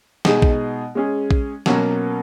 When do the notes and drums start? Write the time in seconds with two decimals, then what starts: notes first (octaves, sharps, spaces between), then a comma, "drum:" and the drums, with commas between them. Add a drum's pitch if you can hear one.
0.25 B2 G#3 D#4 G#4, drum: snare
0.42 drum: kick A#1
0.95 G#3 C#4 G#4
1.31 drum: kick A#1
1.66 B2 F#3 A#3 C#4, drum: snare